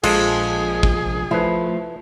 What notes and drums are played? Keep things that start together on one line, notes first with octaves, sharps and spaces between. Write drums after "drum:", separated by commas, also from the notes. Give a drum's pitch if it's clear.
A#1 F3 G#3 F4 G#4 A4, drum: cymbal
drum: kick
F3 A3 E4 B4